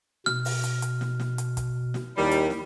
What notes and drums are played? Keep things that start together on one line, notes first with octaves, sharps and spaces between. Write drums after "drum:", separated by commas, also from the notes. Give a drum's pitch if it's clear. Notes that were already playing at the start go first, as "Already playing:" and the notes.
B2 F6, drum: snare
drum: open hi-hat
drum: hi-hat
drum: hi-hat
drum: snare
drum: snare
drum: hi-hat
drum: kick, hi-hat
drum: snare
D#2 G3 E4
drum: hi-hat
drum: snare